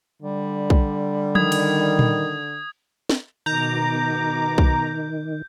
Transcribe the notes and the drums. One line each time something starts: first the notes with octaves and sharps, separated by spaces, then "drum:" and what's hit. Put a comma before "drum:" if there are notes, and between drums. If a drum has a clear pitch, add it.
D3 G3
drum: kick
D#3 D#6 G#6, drum: tom F3
drum: cymbal
drum: tom A#2
drum: snare
B2 D#3 A#5 D6 G6
drum: kick